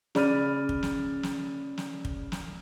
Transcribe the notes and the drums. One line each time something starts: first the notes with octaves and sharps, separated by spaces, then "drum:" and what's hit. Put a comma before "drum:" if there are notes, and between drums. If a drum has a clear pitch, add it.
C#3 D5 B5 F6 D#7, drum: snare
drum: kick
drum: snare
drum: snare
drum: snare
drum: kick
drum: snare